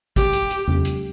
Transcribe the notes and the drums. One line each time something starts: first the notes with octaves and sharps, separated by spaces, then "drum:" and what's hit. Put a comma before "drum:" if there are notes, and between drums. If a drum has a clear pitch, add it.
G4, drum: kick, hi-hat
drum: hi-hat
drum: hi-hat
drum: tom E2
drum: hi-hat